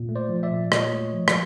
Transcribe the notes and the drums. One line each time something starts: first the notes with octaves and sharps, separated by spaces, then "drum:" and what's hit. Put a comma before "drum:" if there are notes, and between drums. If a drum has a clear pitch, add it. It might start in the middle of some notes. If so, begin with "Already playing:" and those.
Already playing: A#2
A3
C5 D5
F3
D5 E5
A#2
A#2 C#5 D#5, drum: rim click
A3
F3
drum: rim click